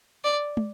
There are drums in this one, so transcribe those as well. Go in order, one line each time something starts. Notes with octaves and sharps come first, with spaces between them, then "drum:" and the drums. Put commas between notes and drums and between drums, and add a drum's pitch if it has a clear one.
D5
drum: tom